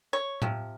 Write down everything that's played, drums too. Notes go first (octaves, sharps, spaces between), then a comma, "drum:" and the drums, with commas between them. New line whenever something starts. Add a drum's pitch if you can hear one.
C#5
C3 F3, drum: tom A2